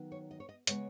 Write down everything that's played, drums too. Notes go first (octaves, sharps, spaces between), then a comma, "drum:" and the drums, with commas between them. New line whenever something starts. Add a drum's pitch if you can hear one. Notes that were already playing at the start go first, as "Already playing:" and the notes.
Already playing: D#3 F#3 B3
C#5
D#5
C#5
D#5
C#3 G#3 B3 C#5, drum: hi-hat